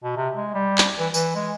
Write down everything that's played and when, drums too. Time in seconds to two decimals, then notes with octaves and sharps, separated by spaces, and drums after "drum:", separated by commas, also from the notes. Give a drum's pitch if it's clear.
0.04 B2
0.17 C3
0.35 G#3
0.54 G3
0.78 drum: clap
0.99 E3
1.14 E3, drum: tambourine
1.35 G#3